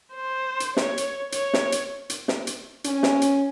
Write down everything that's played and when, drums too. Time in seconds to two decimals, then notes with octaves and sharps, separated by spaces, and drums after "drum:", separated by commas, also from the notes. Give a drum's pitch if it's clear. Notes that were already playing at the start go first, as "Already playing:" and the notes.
0.14 C5
0.60 drum: hi-hat
0.77 C#5, drum: snare
0.98 drum: hi-hat
1.32 C#5, drum: hi-hat
1.54 drum: snare
1.72 drum: hi-hat
2.10 drum: hi-hat
2.28 drum: snare
2.47 drum: hi-hat
2.84 C#4, drum: hi-hat
3.03 drum: snare
3.22 drum: hi-hat